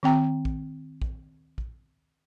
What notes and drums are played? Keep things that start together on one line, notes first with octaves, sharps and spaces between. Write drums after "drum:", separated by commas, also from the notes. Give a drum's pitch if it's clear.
D#3 C4 G5 A#5
drum: kick A#1
drum: kick A#1
drum: kick A#1